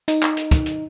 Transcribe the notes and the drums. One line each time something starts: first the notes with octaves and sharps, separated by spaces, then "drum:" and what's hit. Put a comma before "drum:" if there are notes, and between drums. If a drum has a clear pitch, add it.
D#4, drum: hi-hat
drum: clap
drum: hi-hat
drum: kick, hi-hat
drum: hi-hat